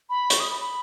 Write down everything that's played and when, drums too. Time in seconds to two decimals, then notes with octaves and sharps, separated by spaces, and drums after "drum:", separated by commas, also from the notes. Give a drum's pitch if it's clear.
0.10 B5
0.30 C#6, drum: hi-hat
0.40 D#6
0.50 B5
0.61 B5